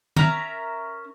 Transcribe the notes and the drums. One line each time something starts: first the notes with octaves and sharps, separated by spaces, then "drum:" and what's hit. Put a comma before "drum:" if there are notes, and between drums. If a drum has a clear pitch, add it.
C#4 A#4 E5 A#5, drum: tom D#3